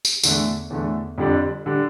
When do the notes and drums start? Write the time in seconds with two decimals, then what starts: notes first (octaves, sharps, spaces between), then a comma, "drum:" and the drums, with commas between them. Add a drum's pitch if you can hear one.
0.05 drum: tambourine
0.24 E2 D3 A3, drum: tambourine
0.70 E2 D3 A3
1.18 F2 D3 G3 D4
1.66 D3 G3 D4